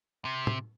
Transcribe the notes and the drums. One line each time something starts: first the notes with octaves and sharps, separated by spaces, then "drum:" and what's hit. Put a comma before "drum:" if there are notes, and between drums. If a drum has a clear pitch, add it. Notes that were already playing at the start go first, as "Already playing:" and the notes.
C3
drum: tom